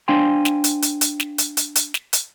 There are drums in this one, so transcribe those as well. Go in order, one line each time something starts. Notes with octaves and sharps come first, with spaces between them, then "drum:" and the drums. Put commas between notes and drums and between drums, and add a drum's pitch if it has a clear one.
D4 C5 F5 G5 G#5 C6
drum: snare
drum: hi-hat
drum: hi-hat
drum: hi-hat
drum: snare
drum: hi-hat
drum: hi-hat
drum: hi-hat
drum: snare
drum: hi-hat